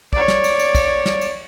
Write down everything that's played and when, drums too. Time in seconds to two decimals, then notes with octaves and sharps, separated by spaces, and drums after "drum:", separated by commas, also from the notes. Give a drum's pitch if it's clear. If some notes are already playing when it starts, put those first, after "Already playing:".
0.13 C#5 D5, drum: kick
0.28 drum: snare
0.44 drum: cymbal
0.59 drum: cymbal
0.75 drum: kick, cymbal
1.06 drum: snare
1.21 drum: cymbal